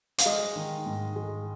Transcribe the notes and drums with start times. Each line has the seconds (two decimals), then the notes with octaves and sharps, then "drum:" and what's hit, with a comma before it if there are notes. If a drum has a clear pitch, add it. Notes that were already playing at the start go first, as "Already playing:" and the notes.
0.18 F5, drum: hi-hat
0.26 G#3 D#5
0.56 D#3
0.86 G#2
1.16 G#3